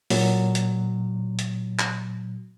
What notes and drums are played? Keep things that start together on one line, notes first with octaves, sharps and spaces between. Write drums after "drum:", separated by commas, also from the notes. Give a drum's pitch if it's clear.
A#2 F#3, drum: open hi-hat
drum: hi-hat
drum: hi-hat
drum: clap